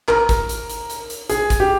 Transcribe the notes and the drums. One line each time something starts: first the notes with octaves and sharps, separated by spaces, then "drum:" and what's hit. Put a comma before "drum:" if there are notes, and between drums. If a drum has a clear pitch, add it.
A#4, drum: clap
drum: kick G#1, hi-hat
drum: hi-hat
drum: hi-hat
drum: hi-hat
drum: hi-hat
G#4, drum: hi-hat
drum: kick G#1, hi-hat
G4